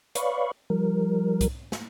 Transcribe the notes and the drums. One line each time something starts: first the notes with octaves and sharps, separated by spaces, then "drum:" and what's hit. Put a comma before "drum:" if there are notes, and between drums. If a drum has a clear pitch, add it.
B4 C#5 D5 F5 B5 C#6, drum: hi-hat
F3 G3 A#4
drum: kick C2, hi-hat
drum: snare